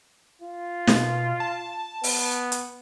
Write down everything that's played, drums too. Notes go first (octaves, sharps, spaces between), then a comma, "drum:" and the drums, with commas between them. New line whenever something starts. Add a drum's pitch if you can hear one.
F4
B2, drum: snare
A5
B3, drum: open hi-hat
drum: hi-hat